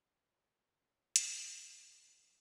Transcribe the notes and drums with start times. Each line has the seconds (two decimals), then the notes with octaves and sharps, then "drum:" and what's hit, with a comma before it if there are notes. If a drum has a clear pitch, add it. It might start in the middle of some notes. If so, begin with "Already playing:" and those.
0.21 D4 F4 F#4 A4 C#5
1.16 drum: hi-hat